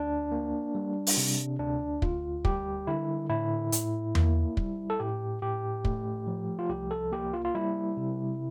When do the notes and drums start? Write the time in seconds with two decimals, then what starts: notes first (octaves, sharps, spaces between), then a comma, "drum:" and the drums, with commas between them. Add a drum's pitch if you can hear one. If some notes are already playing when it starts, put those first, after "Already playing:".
Already playing: D2 D4
0.32 A#3
0.75 G3
1.07 drum: open hi-hat
1.17 C3
1.59 D2 D4
2.02 D2 F4, drum: kick
2.45 G3 G4, drum: kick
2.87 D3 E4
3.29 A2 E4
3.72 A2, drum: hi-hat
4.15 A#3, drum: tom E2
4.57 G3, drum: kick
4.90 A4
5.00 A2 G4
5.42 A2 G4
5.85 A3, drum: kick
6.27 F3
6.59 F4
6.69 C2 G4
6.91 A4
7.12 A#3 G4
7.33 F4
7.45 F4
7.55 G3 E4
7.97 C3